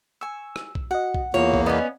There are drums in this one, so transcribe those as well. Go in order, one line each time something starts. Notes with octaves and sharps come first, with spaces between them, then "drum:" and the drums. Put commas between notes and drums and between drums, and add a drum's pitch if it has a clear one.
G#5 C#6 E6
drum: rim click
drum: kick B1
F#4 D#5 F#5
drum: kick B1
E2 A#3 F4 C#5
drum: kick B1
B3 C#4 D5 D#5 F5